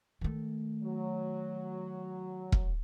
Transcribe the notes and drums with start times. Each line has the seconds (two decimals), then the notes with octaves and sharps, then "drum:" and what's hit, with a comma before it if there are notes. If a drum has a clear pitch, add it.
0.21 D#3 A3
0.84 F#3
2.52 drum: kick E1